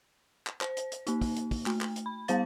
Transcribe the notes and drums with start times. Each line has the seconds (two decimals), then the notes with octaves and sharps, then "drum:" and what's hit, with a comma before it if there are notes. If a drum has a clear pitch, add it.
0.47 drum: clap
0.61 C5, drum: clap
0.77 drum: hi-hat
0.92 drum: hi-hat
1.07 A#3 D#4, drum: hi-hat
1.21 drum: kick, open hi-hat
1.36 drum: hi-hat
1.51 drum: kick, open hi-hat
1.66 A3, drum: clap
1.81 drum: clap
1.96 drum: hi-hat
2.06 B5
2.28 G3 B3 C5 F5 A6, drum: hi-hat